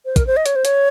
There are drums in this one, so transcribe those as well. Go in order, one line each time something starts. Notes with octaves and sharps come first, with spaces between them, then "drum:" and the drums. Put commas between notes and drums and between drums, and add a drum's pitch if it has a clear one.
C5
A#4, drum: kick, hi-hat
C5
D#5
C#5, drum: hi-hat
C5
C#5, drum: hi-hat